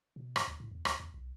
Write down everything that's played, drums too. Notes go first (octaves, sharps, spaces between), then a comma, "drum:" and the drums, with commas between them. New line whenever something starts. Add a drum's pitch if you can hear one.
B2
G2, drum: rim click
D2
A2
E2
D2, drum: rim click
E2
B1